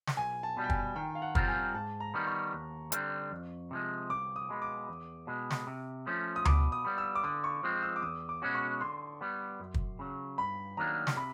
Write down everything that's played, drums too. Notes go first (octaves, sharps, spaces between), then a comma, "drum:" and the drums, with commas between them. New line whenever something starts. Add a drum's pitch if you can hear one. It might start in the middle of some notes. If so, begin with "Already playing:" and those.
drum: snare
B1 G#5
A5
B2 G3
G5
G#5, drum: kick
D#3 G5
F5
F#5
G3 C4 F4 A#4, drum: kick
G#5
G#2 A5
A#5
D#3 G3 B3
C#6
D#2
D3 G3 C4, drum: hi-hat
F2
C3 F3 G#3
C2 D6
D#6
B2 G#3 B3
D6
E2
B2 G#3
drum: snare
C3
F3 A3 C#4
D#6
B2 D6, drum: tom D2
D#6
G3 B3
E6
D6
D3 D#6
C#6
F3 G#3 C4
E6
D6
E2 D#6
D6
B2 G#3 C#4 F#4
C#6
D3 C6
G3 B3
F#2
drum: kick
C#3 F#3
G2 B5
D#3 F#3 A#3 D4 A#5
drum: snare
C3 B5